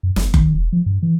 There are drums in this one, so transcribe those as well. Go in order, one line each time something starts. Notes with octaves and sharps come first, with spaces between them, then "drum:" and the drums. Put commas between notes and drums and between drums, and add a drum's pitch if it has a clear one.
F#2
G1, drum: snare
D#3, drum: kick F#1
E1
F3
G2
E3